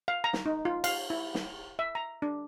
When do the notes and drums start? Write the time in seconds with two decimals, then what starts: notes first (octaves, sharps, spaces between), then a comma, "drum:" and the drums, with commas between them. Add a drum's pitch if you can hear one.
0.08 F5
0.24 A#5
0.33 drum: snare
0.46 D#4
0.65 F4
0.84 F5, drum: cymbal
1.10 E4
1.35 drum: snare
1.79 E5
1.95 A#5
2.22 D4